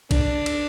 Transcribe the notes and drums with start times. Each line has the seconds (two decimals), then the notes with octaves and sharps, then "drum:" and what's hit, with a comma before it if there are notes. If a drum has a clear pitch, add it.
0.11 D4, drum: kick A#1, cymbal
0.46 drum: cymbal